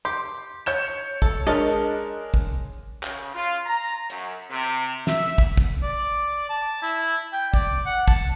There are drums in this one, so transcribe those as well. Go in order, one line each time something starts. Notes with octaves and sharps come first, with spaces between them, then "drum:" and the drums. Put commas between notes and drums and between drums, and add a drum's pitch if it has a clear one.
G4 C6
C#5 G6 E7, drum: hi-hat
A4, drum: kick
G#3 C#4 D4 A#4 D#5 A5
drum: kick
C#3, drum: clap
F4
A#5
F#2, drum: hi-hat
C3
E5, drum: snare
drum: kick
drum: kick
D5
A5
E4
G5
D5, drum: kick
F#5
A5, drum: kick